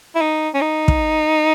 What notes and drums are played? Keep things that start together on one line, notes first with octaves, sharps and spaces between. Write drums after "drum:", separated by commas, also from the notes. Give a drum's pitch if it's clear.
E4
D#4
C#4
D#4
drum: kick